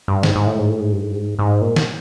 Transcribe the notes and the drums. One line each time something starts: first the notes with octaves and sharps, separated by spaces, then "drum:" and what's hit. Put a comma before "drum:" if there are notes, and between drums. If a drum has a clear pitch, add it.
G2
G#2, drum: snare
G#2
A2
G#2
A2
G#2
G2
G#2
G2
G#2
G#2
A#2
drum: snare